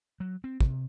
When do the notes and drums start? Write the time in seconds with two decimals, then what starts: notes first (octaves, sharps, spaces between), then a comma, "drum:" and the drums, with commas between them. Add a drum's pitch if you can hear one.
0.20 F#3
0.44 C4
0.61 C3, drum: kick